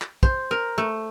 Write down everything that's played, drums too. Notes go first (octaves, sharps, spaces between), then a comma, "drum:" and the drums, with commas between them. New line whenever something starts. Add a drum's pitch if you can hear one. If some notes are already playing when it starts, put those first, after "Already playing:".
drum: clap
C5, drum: kick
A#4
A3